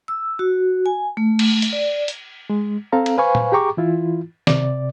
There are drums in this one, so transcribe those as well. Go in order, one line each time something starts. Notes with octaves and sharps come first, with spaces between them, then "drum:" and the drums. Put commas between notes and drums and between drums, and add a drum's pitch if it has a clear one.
E6
F#4
G#5
A3
drum: cymbal
drum: hi-hat
D5
drum: hi-hat
G#3
C4 A4 F5 A#5
drum: cymbal
B4 C5 F5 G#5 B5 C#6
drum: tom A#2
G4 G#4 G5 A#5 C#6 D6
E3 E4 F4
C3 D5, drum: snare